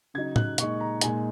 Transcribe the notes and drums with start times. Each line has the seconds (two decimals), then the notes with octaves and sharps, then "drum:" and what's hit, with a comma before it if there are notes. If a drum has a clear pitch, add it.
0.14 C#3 F#3 D#4 G#6
0.36 F#6, drum: tom A2
0.58 A#2 G#3 D#4 C#6, drum: hi-hat
0.80 A#5
1.01 A#2 G#3 D#4 G#5, drum: hi-hat